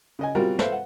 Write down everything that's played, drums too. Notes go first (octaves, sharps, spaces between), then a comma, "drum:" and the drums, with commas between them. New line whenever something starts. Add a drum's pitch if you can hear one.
C#3 D#5 G#5
B2 G3 C4 F4 F#4 A#4
A4 B4 C5 E5 F5, drum: snare
F#5